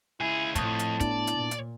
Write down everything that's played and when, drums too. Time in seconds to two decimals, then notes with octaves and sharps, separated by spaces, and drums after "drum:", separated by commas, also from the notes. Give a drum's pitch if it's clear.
0.21 C#2 E4 G#4 G#5
0.55 F2 A2 A5 C#6 D#6, drum: kick, hi-hat
0.79 drum: hi-hat
1.00 B3 D4 E4 D5, drum: kick, hi-hat
1.27 drum: hi-hat
1.37 A#2
1.51 drum: hi-hat